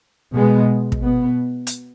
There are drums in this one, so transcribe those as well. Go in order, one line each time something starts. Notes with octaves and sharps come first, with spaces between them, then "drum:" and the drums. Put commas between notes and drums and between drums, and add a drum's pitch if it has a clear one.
B2 G#3 B3
drum: kick
B2 B3
drum: hi-hat